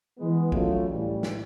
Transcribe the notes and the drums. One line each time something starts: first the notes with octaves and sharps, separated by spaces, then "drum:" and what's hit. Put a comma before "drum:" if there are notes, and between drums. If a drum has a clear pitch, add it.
E3 G#3 B3
F#3 A3 C#4 F4, drum: kick
A2 E3 G3
drum: snare